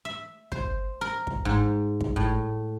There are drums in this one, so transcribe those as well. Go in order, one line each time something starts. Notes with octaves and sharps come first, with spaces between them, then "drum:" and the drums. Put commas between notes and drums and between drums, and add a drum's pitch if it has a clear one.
E5
C5, drum: kick
A#4
drum: kick
G#2
drum: kick
A2